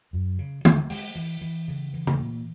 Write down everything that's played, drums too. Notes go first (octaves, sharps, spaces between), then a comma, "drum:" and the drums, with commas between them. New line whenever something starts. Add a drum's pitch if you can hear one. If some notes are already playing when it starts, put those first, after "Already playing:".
F#2
C#3
G#3, drum: tom
G#3, drum: open hi-hat
E3
E3
C#3
E3
drum: tom
A#2